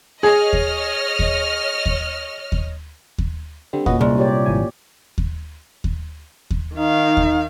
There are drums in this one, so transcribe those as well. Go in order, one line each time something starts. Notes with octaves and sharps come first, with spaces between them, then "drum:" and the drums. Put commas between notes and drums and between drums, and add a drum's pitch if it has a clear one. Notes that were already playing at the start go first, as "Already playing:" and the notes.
G#4 C#5 D#5 F6
drum: kick D#2
drum: kick D#2
drum: kick D#2
drum: kick D#2
drum: kick D#2
D3 G3 C4
A#2 B3 C#4 F#4 D#5, drum: kick D#2
C2 G#3
G4 C#5 D5
G#1 E3 G#5
drum: kick D#2
drum: kick D#2
drum: kick D#2
D#3 D#4 F5
drum: kick D#2